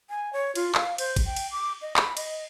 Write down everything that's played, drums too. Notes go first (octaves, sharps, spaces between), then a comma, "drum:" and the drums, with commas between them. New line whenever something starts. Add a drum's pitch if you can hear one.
G#5
C#5
F4, drum: cymbal
F5, drum: clap
C5, drum: cymbal
drum: kick, cymbal
G5
drum: cymbal
D6
D#5
B5, drum: clap
D#5, drum: cymbal